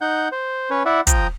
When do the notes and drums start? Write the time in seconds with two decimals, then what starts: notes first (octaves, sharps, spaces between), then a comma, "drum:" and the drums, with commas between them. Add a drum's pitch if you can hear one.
0.01 D#4 F#5 G6
0.32 C5
0.70 C#4 B4 C#5
0.85 E4 D5 E5 F#5
1.07 F3 G5 A#5 D#6, drum: kick, hi-hat